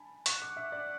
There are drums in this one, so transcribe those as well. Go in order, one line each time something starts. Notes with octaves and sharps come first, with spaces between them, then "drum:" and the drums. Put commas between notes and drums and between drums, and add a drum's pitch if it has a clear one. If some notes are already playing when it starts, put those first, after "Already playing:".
Already playing: G#5 A5 B5
F#5 C#6, drum: hi-hat
D6
E5
D5